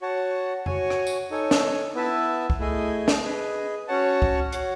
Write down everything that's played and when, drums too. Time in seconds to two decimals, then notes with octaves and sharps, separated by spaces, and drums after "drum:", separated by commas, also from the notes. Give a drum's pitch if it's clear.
0.02 F#4 C#5 F#5 A5
0.66 F#4 C#5 G#5, drum: tom F2
0.90 drum: rim click
1.07 drum: tambourine
1.30 D#4 A4 C#5 G#5
1.51 drum: snare
1.94 B3 E4 B4 E5 A5
2.50 drum: kick
2.59 A3 E4 G#4 D#5 G#5
3.08 drum: snare
3.24 G#4 B4 D#5
3.88 C#4 F#4 C#5 F#5 A5
4.22 drum: kick
4.52 F#4 C#5 F#5, drum: hi-hat